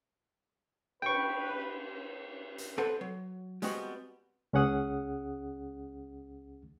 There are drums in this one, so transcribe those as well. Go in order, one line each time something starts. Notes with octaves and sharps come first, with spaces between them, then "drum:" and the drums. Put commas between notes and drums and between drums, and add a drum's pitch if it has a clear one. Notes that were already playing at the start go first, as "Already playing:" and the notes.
B4 G5 C#6, drum: cymbal
drum: hi-hat
C4 A4 B4 F#5
F#3
G3 G#3 B3 C4 F#4, drum: hi-hat
C#2 C#4 G#4 F#5 D#6